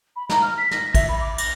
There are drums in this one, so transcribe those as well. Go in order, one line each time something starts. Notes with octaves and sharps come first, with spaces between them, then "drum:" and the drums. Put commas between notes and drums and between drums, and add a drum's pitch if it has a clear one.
B5
A#5, drum: snare
F6
B6
A#6, drum: snare
E5, drum: kick A1, cymbal
B5
D6
A#6, drum: cymbal